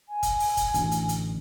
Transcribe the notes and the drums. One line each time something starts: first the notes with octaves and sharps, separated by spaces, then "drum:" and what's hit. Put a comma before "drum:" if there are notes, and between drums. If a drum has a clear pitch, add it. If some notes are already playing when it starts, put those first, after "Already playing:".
G#5
drum: kick, hi-hat
drum: open hi-hat
drum: kick, hi-hat
A1 D2, drum: hi-hat
drum: hi-hat
drum: hi-hat